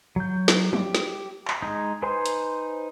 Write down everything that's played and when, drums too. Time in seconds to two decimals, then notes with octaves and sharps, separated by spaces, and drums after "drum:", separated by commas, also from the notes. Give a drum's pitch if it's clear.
0.16 F#3 G6
0.48 drum: snare
0.73 G4, drum: tom F3
0.95 drum: snare
1.48 drum: clap
1.62 G#3 D#4
2.02 D#4 B4 C5 G#5 C6
2.26 drum: hi-hat